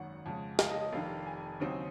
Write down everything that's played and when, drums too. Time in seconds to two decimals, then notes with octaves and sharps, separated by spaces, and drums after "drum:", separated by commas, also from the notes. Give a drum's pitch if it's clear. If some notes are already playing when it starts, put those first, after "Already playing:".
Already playing: G#1 F#2 D#3 A#3 F#5
0.26 F2 C#3 G#3
0.59 F5, drum: snare
0.70 D#5
0.81 D#5
0.93 F1 F2 D#3 F5
1.26 G#5
1.60 D#2 C#3 F#3 C4 D#4